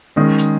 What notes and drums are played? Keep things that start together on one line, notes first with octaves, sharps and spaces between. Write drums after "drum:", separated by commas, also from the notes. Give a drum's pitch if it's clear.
D#3 G#3 C#4 G#4
drum: hi-hat